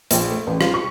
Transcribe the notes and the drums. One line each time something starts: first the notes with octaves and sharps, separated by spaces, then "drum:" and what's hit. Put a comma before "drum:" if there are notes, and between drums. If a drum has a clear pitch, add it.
A#1, drum: hi-hat
A3
A1
F4, drum: rim click
C#6